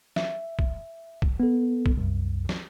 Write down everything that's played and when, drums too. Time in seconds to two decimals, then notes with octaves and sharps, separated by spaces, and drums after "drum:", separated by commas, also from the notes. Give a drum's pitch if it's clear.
0.16 E5, drum: snare
0.59 drum: kick
1.22 drum: kick
1.40 B3 A4
1.86 drum: kick
1.97 C2 F#2
2.49 drum: snare